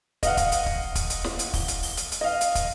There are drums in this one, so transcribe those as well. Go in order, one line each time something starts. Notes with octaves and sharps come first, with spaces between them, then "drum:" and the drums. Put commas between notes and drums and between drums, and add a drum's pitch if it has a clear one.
D#5 F5 F#5, drum: kick, hi-hat
drum: kick, hi-hat
drum: hi-hat
drum: kick
drum: kick, hi-hat
drum: hi-hat
drum: snare
drum: hi-hat
drum: kick, open hi-hat
drum: hi-hat
drum: open hi-hat
drum: hi-hat
drum: hi-hat
D#5 F5
drum: hi-hat
drum: kick, hi-hat